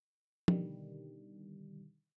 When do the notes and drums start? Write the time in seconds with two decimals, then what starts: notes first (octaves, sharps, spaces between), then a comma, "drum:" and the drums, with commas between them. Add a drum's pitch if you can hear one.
0.48 B2 D3 D#3 G3, drum: tom